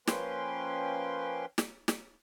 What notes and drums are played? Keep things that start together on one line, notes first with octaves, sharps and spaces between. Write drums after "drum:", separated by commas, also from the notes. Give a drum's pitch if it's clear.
F3 A#3 C#4 B4 G5 C6, drum: snare
drum: snare
drum: snare